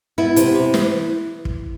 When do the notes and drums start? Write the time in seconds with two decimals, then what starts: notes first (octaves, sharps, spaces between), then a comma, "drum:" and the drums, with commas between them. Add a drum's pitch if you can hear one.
0.18 B3 E4
0.36 C3, drum: hi-hat
0.54 C3
0.74 E3, drum: snare
1.45 drum: kick